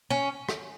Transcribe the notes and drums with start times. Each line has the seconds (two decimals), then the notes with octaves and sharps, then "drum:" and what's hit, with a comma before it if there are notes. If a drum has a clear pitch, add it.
0.10 C#4
0.49 drum: rim click